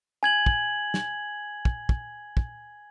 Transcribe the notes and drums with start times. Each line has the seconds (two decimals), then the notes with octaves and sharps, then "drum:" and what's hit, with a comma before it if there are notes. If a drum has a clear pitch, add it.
0.23 G#5 G#6 F#7
0.46 drum: kick
0.94 drum: snare
1.65 drum: kick
1.89 drum: kick
2.37 drum: kick